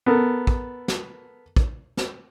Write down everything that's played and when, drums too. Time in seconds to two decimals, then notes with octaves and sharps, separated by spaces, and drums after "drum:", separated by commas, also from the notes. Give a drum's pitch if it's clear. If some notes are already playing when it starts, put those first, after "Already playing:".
0.06 B3 A4 A#4
0.47 drum: kick
0.88 drum: snare
1.56 drum: kick
1.97 drum: snare